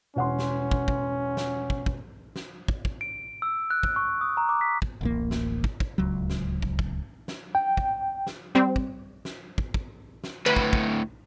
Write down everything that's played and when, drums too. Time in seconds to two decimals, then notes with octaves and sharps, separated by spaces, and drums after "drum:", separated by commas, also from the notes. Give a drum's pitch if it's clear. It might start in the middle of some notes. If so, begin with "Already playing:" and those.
0.16 E1 C#4 F#5 C6
0.39 drum: snare
0.71 drum: kick
0.88 drum: kick
1.37 drum: snare
1.70 drum: kick
1.86 drum: kick
2.36 drum: snare
2.68 drum: kick
2.85 drum: kick
3.01 D7
3.42 E6
3.70 F#6
3.83 drum: kick
3.96 C#6
4.21 D#6
4.37 A#5
4.49 D6
4.61 B6
4.82 drum: kick
5.01 D1 A1 A#3
5.31 drum: snare
5.64 drum: kick
5.80 drum: kick
5.98 D1 C#2 F#3
6.30 drum: snare
6.62 drum: kick
6.79 drum: kick
7.28 drum: snare
7.55 G5
7.77 drum: kick
8.27 drum: snare
8.55 G3 C4
8.76 drum: kick
9.25 drum: snare
9.58 drum: kick
9.74 drum: kick
10.24 drum: snare
10.46 D2 A2 B4
10.56 drum: kick
10.73 drum: kick